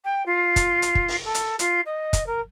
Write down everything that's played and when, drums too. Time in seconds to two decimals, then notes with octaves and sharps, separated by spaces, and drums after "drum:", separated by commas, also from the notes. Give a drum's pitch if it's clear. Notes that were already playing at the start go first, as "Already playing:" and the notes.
0.04 G5
0.25 F4
0.56 drum: kick, hi-hat
0.82 drum: hi-hat
0.95 drum: kick
1.08 drum: open hi-hat
1.24 A4
1.35 drum: hi-hat
1.59 F4, drum: hi-hat
1.85 D#5
2.13 drum: kick, hi-hat
2.26 A#4